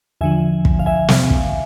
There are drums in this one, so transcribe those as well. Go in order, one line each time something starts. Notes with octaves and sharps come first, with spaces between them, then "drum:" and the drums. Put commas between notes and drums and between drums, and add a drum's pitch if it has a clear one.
E2 D3 F3 E5 G#5
drum: kick
F5
E5 G#5
drum: snare
drum: kick